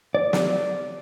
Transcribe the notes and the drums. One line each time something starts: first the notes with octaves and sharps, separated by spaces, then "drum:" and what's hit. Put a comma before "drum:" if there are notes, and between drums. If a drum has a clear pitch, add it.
D5
drum: snare